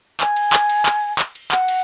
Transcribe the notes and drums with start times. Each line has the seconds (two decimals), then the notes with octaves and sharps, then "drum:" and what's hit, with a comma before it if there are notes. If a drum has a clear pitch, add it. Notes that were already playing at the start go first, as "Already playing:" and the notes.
0.20 G#5, drum: clap
0.36 drum: cymbal
0.53 drum: clap
0.69 drum: cymbal
0.86 drum: clap
1.19 drum: clap
1.35 drum: cymbal
1.52 F#5, drum: clap
1.68 drum: cymbal